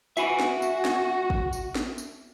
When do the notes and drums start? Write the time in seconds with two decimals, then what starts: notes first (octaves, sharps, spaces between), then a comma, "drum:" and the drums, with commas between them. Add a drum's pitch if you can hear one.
0.17 F#4 E5 G#5 B5, drum: tambourine
0.39 drum: snare
0.62 drum: tambourine
0.85 drum: snare
1.30 drum: kick
1.53 drum: tambourine
1.75 drum: snare
1.98 drum: tambourine